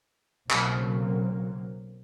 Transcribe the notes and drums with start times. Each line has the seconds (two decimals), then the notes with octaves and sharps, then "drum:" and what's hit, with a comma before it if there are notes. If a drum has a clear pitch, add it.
0.50 B1 C#3 F#3 A#3 C4, drum: clap